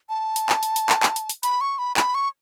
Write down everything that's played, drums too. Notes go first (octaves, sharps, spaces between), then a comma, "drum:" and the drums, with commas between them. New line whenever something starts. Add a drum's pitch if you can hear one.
A5
drum: hi-hat
drum: clap
drum: hi-hat
drum: hi-hat
drum: clap
drum: clap
drum: hi-hat
drum: hi-hat
B5, drum: hi-hat
C#6
B5
B5, drum: clap
C#6